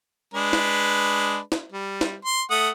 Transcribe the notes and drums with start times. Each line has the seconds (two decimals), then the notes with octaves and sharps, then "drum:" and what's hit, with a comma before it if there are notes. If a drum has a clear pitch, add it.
0.34 G#3 D4 B4
0.53 drum: snare
1.52 drum: snare
1.72 G3
2.01 drum: snare
2.25 C6
2.50 A3 F#5 D#6